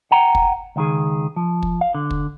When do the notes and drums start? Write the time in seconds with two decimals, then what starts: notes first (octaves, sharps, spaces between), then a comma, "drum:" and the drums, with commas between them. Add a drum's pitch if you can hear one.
0.11 F#5 G5 A#5
0.35 drum: kick
0.76 C#2 D#3 G#4
1.36 F3
1.63 drum: kick
1.81 F5
1.95 D3
2.11 drum: kick